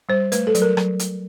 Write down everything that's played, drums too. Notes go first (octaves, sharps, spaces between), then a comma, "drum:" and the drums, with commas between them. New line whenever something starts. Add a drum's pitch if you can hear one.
G3 C5
A3 B4, drum: hi-hat
A4
F#3, drum: hi-hat
A#4
F#3, drum: rim click
drum: hi-hat